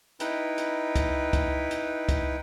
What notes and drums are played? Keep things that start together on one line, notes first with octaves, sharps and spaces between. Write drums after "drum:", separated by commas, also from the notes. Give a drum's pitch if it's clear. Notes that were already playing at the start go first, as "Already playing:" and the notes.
D#4 E4 B4 G5, drum: hi-hat
drum: hi-hat
drum: kick, hi-hat
drum: kick, hi-hat
drum: hi-hat
drum: kick, hi-hat